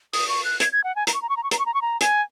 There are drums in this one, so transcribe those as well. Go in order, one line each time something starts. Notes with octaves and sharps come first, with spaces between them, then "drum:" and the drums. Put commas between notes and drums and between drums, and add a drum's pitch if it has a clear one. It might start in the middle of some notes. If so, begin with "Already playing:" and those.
D#6, drum: open hi-hat
C#6
F#6
G#6, drum: hi-hat
G#6
F#5
G#5
A#5, drum: hi-hat
C#6
A#5
C#6
A#5
C#6
A#5, drum: hi-hat
C#6
A#5
C#6
A#5
G#5, drum: hi-hat